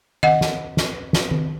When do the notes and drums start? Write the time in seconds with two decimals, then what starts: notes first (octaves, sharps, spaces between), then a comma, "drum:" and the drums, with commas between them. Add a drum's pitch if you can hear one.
0.23 D#5 F#5, drum: tom D#3
0.41 drum: snare
0.77 drum: snare
1.13 drum: snare
1.31 drum: tom D#3